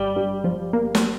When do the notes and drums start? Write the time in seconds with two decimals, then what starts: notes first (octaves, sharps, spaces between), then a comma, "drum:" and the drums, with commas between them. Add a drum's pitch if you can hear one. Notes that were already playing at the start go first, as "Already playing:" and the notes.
Already playing: G1 G3
0.16 G2
0.44 F3
0.73 A#3
0.95 drum: snare